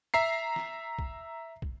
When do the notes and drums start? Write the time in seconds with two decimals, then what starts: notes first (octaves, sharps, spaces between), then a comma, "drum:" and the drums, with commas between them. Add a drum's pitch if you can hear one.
0.14 E5 A#5 C7
0.56 drum: snare
0.99 drum: kick
1.62 drum: kick